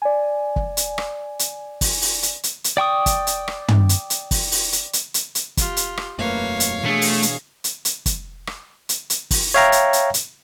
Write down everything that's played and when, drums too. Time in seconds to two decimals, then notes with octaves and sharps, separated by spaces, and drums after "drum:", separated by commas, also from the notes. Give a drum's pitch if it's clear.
0.02 D5 G#5
0.56 drum: kick
0.77 drum: hi-hat
0.98 drum: rim click
1.39 drum: hi-hat
1.81 drum: kick, open hi-hat
2.02 drum: open hi-hat
2.23 drum: hi-hat
2.43 drum: hi-hat
2.64 drum: hi-hat
2.77 D5 G5 C#6 D#6
3.06 drum: kick, hi-hat
3.27 drum: hi-hat
3.48 drum: rim click
3.68 drum: tom
3.89 drum: hi-hat
4.10 drum: hi-hat
4.31 drum: kick, open hi-hat
4.52 drum: open hi-hat
4.72 drum: hi-hat
4.93 drum: hi-hat
5.14 drum: hi-hat
5.35 drum: hi-hat
5.57 F4 G4, drum: kick, hi-hat
5.77 drum: hi-hat
5.97 drum: rim click
6.18 E1 F#2 A3 A#3 B4 C#5 F5
6.60 drum: hi-hat
6.85 B2 E3 A3 D4 G#4
7.02 drum: open hi-hat
7.22 drum: hi-hat
7.64 drum: hi-hat
7.85 drum: hi-hat
8.06 drum: kick, hi-hat
8.47 drum: rim click
8.89 drum: hi-hat
9.10 drum: hi-hat
9.31 drum: kick, open hi-hat
9.54 C#5 E5 F5 G5 A#5
9.72 drum: hi-hat
9.93 drum: hi-hat
10.14 drum: hi-hat